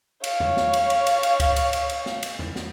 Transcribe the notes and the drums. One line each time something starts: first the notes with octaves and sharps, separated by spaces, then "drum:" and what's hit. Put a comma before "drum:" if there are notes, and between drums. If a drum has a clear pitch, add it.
C#5 F5, drum: cymbal
drum: tom E2
drum: snare
drum: cymbal
drum: cymbal
drum: cymbal
drum: cymbal
drum: kick C#2, cymbal
drum: cymbal
drum: cymbal
drum: cymbal
drum: snare
drum: cymbal
drum: tom E2
drum: snare